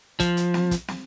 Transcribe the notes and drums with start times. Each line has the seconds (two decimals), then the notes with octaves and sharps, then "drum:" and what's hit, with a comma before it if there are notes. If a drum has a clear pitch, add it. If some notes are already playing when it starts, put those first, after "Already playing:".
0.20 F3, drum: kick, hi-hat
0.37 drum: hi-hat
0.54 drum: snare
0.71 drum: kick, hi-hat
0.88 drum: snare